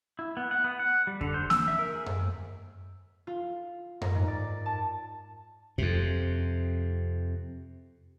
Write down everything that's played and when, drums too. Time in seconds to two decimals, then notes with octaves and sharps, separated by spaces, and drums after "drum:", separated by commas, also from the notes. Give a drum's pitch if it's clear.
0.19 E4
0.37 B3
0.51 F#5
0.64 B3
0.79 F#5
1.07 G3
1.21 D3, drum: kick F2
1.34 C5
1.50 E6, drum: snare A#3
1.68 E5
1.79 A#4
1.94 G#4
2.06 drum: tom F#2
3.27 F4
4.01 A#4, drum: tom F#2
4.15 G#2
4.28 D5
4.66 A5
5.78 F2 C3, drum: kick F2